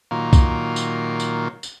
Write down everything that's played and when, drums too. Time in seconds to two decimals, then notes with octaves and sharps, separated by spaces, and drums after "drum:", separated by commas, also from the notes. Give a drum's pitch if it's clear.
0.11 A#2 D#3 F#3 A#3 F4
0.33 drum: kick B1, tambourine
0.76 drum: tambourine
1.20 drum: tambourine
1.63 drum: tambourine